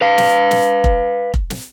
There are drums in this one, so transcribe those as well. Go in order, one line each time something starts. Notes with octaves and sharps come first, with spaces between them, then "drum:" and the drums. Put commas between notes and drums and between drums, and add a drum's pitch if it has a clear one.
B4 F5
drum: snare
drum: snare
drum: kick F1
drum: kick F1
drum: snare